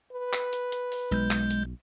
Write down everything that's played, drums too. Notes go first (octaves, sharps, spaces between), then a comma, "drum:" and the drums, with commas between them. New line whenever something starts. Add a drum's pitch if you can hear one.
B4
drum: clap
drum: hi-hat
drum: hi-hat
drum: open hi-hat
B1 G#3 G6
drum: clap
drum: hi-hat